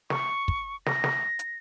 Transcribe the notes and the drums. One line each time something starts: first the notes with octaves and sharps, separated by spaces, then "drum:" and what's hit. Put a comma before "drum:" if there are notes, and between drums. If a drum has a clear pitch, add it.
C#6, drum: snare
drum: kick
A#6, drum: snare
drum: snare
drum: hi-hat